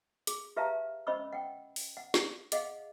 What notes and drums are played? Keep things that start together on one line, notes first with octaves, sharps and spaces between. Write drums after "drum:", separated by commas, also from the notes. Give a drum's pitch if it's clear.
G#4, drum: hi-hat
G4 B4 E5 F5 A5 A#5
C#4 C5 D#5 B5 C#6 E6
F#5 G5
drum: open hi-hat
F#5
drum: snare
G#4 D#5 F5 F#5, drum: hi-hat